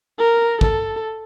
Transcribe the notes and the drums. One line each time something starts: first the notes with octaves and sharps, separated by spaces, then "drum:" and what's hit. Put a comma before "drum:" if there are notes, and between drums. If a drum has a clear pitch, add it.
A#4
A4, drum: kick